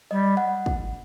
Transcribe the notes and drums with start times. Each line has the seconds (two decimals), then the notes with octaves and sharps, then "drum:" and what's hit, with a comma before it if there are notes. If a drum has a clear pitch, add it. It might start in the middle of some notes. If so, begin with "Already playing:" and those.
0.11 G3 D#5
0.37 F#5
0.66 drum: kick